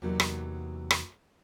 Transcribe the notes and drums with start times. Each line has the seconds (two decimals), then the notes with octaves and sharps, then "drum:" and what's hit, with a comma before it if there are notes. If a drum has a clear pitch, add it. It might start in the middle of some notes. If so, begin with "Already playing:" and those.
0.02 E2 C3 F#3 A#3 D#4
0.20 drum: rim click
0.91 drum: rim click